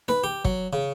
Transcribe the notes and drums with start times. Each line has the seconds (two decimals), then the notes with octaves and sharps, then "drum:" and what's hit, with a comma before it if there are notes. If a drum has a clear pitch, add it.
0.08 B4, drum: snare D#4
0.24 G4
0.45 F#3, drum: kick
0.73 C#3